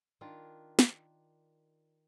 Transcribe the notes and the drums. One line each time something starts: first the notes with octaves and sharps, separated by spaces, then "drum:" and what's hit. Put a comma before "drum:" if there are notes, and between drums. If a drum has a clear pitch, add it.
D#3 D4 F4
drum: snare